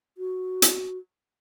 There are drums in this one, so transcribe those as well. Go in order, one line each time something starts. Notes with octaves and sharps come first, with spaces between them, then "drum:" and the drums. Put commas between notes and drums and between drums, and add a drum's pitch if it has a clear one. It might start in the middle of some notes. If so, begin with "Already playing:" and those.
F#4
drum: hi-hat